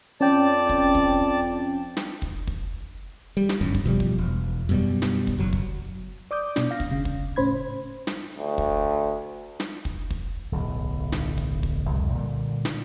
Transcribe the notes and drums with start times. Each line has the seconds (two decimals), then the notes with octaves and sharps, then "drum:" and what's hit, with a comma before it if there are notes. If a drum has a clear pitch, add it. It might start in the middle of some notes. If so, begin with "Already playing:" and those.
0.21 F2 C#4 D5 G5 A5
0.69 drum: kick
0.95 drum: kick
1.97 drum: snare
2.22 drum: kick
2.47 drum: kick
3.37 G3
3.49 drum: snare
3.61 G1 F#2
3.75 drum: kick
3.84 E1 B2 F3 G3
4.00 drum: kick
4.18 E1
4.69 F#2 B2 G3
5.02 drum: snare
5.27 drum: kick
5.38 F#1 F#3
5.53 drum: kick
6.31 D5 D6 D#6 G6
6.56 B2 D4, drum: snare
6.71 F5 A#6
6.80 drum: kick
6.91 C#3
7.05 drum: kick
7.36 A2 C#4 C5 B5 G#6
8.07 drum: snare
8.38 D2
8.58 drum: kick
9.60 drum: snare
9.85 drum: kick
10.11 drum: kick
10.52 D1 B1 E2
11.12 drum: snare
11.38 drum: kick
11.63 drum: kick
11.90 C2 F2 C3
12.14 A#2 D3 D#3 G3
12.65 drum: snare